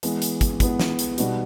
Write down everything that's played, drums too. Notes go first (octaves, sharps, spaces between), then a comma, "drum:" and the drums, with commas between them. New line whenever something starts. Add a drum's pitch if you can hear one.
E3 G#3 B3, drum: hi-hat
drum: hi-hat
drum: kick, hi-hat
E3 G#3 B3, drum: kick, hi-hat
drum: snare
drum: hi-hat
B2 G3 B3 D#4 F#4, drum: hi-hat